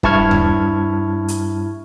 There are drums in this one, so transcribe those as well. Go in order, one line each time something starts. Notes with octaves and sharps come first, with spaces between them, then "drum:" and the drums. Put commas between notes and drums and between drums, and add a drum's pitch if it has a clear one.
G2 E4 A5 C#6 F6 G#6, drum: kick E1
drum: tom D#2
drum: hi-hat